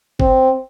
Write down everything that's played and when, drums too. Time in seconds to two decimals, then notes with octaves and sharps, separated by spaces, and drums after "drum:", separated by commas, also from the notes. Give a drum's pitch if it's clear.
0.20 C4, drum: kick G1